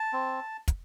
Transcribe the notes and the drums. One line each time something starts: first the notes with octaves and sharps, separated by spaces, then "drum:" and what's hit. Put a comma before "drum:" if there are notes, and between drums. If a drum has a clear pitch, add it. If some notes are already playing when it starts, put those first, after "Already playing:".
Already playing: A5
C4
drum: kick, hi-hat